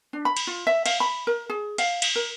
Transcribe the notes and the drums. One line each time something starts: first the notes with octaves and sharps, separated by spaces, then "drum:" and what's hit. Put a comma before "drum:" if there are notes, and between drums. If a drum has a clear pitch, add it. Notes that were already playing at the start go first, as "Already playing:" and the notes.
D4
B5
drum: cymbal
F4
E5
F5, drum: cymbal
B5
A#4
G#4
F5, drum: cymbal
drum: cymbal
A#4